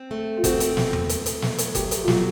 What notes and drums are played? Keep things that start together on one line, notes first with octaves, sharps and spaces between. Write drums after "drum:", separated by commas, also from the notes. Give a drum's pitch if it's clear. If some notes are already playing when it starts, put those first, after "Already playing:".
Already playing: C4
A3
F4
C4 F#4, drum: kick F#1, hi-hat
drum: hi-hat
A3, drum: snare
drum: tom E2
A3, drum: hi-hat
drum: hi-hat
F#3, drum: snare
drum: hi-hat
A3 G4, drum: kick F#1, hi-hat
drum: hi-hat
F4
F#3 F#4, drum: snare